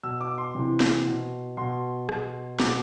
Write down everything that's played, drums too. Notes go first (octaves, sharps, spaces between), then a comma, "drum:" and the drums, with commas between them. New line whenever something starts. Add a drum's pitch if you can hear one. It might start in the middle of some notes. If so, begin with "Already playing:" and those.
B2 E6
D6
C6
C3 E3
drum: snare
B2
B2 C6
B2, drum: rim click
B2 D6, drum: snare